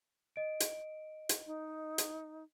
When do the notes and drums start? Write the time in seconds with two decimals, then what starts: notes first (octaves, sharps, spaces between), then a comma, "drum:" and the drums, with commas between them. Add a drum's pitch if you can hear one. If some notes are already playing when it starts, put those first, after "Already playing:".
0.36 D#5 D7
0.60 drum: hi-hat
1.29 drum: hi-hat
1.46 D#4
1.98 drum: hi-hat